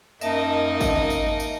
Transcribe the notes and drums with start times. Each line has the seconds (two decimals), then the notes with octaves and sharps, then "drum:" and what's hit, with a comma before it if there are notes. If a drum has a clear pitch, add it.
0.21 F#2 A#3 D#4 D#5 E5 A5, drum: tambourine
0.81 drum: kick, tambourine
1.10 drum: tambourine
1.40 drum: tambourine